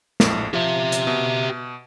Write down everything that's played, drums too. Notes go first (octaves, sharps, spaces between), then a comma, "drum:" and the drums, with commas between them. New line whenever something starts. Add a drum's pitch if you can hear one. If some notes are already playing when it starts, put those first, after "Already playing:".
A#1 F2 A2, drum: snare
F3 G4 E5
drum: hi-hat
B2